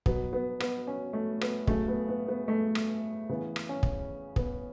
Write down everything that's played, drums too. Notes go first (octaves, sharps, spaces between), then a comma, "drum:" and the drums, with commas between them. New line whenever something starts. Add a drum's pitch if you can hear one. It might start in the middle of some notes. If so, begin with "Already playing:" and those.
B2 F#3 B3, drum: kick
B3
B3, drum: rim click
C#4
A3
B3, drum: rim click
C#3 F#3 A3, drum: kick
B3
B3
B3
A3
drum: rim click
C#3 E3 B3
drum: rim click
C#4
drum: kick
B3, drum: kick